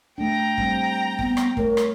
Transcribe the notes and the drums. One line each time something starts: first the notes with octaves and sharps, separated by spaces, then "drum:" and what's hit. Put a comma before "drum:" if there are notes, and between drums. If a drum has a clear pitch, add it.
A3 D4 G5 A#5
G3 C4, drum: kick
B3, drum: kick
drum: rim click
A3 A#4 C#5, drum: kick
drum: rim click